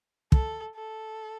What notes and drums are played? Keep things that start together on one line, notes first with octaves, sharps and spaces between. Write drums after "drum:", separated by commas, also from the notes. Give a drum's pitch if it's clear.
A4, drum: kick
A4